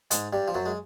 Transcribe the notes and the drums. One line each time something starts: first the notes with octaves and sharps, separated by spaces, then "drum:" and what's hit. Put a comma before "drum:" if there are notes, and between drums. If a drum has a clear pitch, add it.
G#2 G#3, drum: hi-hat
G2 G3
F3
F#2 F#3
G#3